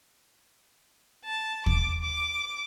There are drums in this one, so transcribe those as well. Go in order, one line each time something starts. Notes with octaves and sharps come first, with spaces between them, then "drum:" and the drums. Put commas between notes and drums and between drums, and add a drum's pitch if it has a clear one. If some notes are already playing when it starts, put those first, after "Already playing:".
A5
D6, drum: kick
D6